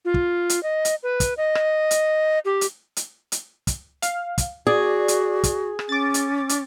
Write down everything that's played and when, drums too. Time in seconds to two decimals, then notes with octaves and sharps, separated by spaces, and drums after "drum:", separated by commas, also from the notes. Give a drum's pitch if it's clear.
0.05 F4
0.14 drum: kick
0.50 drum: hi-hat
0.63 D#5
0.85 drum: hi-hat
1.03 B4
1.20 drum: kick, hi-hat
1.37 D#5
1.55 drum: rim click
1.91 drum: hi-hat
2.45 G4
2.61 drum: hi-hat
2.97 drum: hi-hat
3.32 drum: hi-hat
3.67 drum: kick, hi-hat
4.02 F5, drum: hi-hat
4.38 drum: kick, hi-hat
4.67 F#4 G#4 D5
5.08 drum: hi-hat
5.44 drum: kick, hi-hat
5.79 drum: rim click
5.89 C#4 D6 A6
6.14 drum: hi-hat
6.49 drum: hi-hat